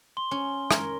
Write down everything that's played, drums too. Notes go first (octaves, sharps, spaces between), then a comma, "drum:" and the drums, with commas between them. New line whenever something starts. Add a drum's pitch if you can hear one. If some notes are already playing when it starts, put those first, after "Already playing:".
C6 G7
C#4
A#4 C#5, drum: rim click